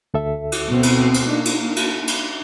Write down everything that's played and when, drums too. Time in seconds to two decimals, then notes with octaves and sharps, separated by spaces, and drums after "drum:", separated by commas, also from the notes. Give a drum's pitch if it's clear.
0.14 D2 A4 E5
0.52 drum: cymbal
0.67 B2 C4
0.83 drum: cymbal
1.14 drum: cymbal
1.27 A#3 D4 D#4
1.45 drum: cymbal
1.76 drum: cymbal
2.07 drum: cymbal